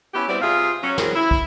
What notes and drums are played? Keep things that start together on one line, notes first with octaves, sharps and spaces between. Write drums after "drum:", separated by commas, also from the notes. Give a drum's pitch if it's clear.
B3 C#4 E4 G4
G3 B3 C4 E4 F#4 D5
C3 F4 G#4 E5 F5
F#3 C#4
E3 F#3 C4 G#4 A#4, drum: snare
E4
drum: kick